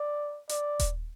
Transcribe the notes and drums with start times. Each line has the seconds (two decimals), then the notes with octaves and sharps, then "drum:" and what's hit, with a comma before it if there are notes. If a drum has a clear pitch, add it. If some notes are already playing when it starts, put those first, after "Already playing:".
Already playing: D5
0.49 D5, drum: hi-hat
0.80 drum: kick D#1, hi-hat